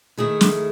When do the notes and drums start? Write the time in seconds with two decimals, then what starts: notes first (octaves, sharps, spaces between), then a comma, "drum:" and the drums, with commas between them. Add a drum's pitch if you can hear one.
0.18 D#3 A3 E4 G#4
0.41 drum: snare